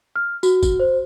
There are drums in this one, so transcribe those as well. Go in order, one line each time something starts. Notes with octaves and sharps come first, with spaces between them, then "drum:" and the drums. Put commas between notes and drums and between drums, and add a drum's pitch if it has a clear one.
F6
F#4, drum: tambourine
drum: kick, tambourine
C5